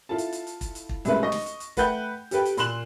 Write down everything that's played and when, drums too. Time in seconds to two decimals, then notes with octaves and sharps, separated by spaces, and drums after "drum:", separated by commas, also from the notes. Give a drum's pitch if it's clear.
0.09 E4 F4 A4 A5
0.18 drum: hi-hat
0.33 drum: hi-hat
0.47 drum: hi-hat
0.61 drum: kick, hi-hat
0.75 drum: hi-hat
0.89 drum: kick
1.05 C2 F#2 G#3 A3 B4 E5, drum: hi-hat
1.23 D#5 C#6 A#6
1.32 drum: snare
1.46 drum: hi-hat
1.60 drum: hi-hat
1.77 A3 B4 F#5 G5 G6, drum: kick, hi-hat
2.31 G4 A4 B4 G5, drum: hi-hat
2.45 drum: hi-hat
2.57 A#2 C6 F#6 E7 F#7, drum: hi-hat